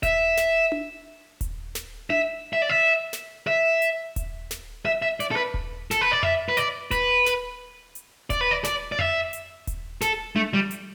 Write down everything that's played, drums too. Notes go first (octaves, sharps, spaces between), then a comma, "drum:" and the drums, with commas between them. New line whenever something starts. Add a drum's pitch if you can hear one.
E5, drum: kick D#1, hi-hat
drum: snare
drum: tom D4
drum: kick D#1, hi-hat
drum: snare
E5, drum: tom D4
E5
D5
E5
drum: snare
E5
drum: hi-hat
drum: kick D#1, hi-hat
drum: snare
E5
E5
D5, drum: hi-hat
A4
B4
drum: kick D#1
A4, drum: snare
B4
D5
E5, drum: tom F2
B4
D5, drum: hi-hat
B4, drum: kick D#1, hi-hat
drum: snare
drum: hi-hat
D5, drum: kick D#1, hi-hat
B4
D5
D5, drum: snare
D5
E5, drum: tom F2
drum: hi-hat
drum: kick D#1, hi-hat
A4, drum: snare
A3, drum: tom D4
G3
drum: hi-hat